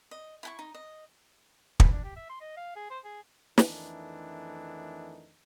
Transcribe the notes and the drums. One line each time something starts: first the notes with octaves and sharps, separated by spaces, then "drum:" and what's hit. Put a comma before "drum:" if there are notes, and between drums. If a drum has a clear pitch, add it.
D#5
E4 G#5 C#6
D#4
D#5
B4, drum: kick
D4
G4
E5
C6
D#5
F5
G#4
C5
G#4
F2 D#3 E3 A3 D4 D#4, drum: snare